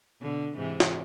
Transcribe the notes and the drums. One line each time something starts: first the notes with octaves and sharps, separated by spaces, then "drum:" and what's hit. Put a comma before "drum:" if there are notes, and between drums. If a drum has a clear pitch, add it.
B2 D3
G#2 C3 E3
drum: snare